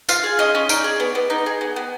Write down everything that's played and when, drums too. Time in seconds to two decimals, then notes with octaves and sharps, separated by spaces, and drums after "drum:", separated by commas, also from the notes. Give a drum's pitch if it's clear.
0.09 F4 F5, drum: tambourine
0.24 G#4
0.39 C#4 D#5
0.55 C#4
0.69 D#4 D5, drum: tambourine
0.84 G#4
1.00 B3
1.15 B3
1.30 D#4
1.46 G#4
1.61 B3
1.76 B3